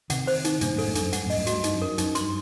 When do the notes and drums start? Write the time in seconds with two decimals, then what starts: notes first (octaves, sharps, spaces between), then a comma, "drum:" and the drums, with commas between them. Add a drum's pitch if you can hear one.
0.10 C3 D#3 F#5, drum: hi-hat
0.27 C5, drum: open hi-hat
0.45 D#4, drum: hi-hat
0.61 G2 A#2 D4, drum: hi-hat
0.74 F#2 A2
0.78 A4, drum: open hi-hat
0.87 F#2 A2
0.95 G2 D4, drum: hi-hat
1.01 F#2
1.13 G2 F#5, drum: hi-hat
1.25 F#2 A2
1.30 D#5, drum: open hi-hat
1.38 F#2 A2
1.47 F#4, drum: hi-hat
1.52 G2
1.64 G2 D#4, drum: hi-hat
1.75 F#2
1.82 A#4
1.98 F#2 D#4, drum: hi-hat
2.15 G2 C6, drum: hi-hat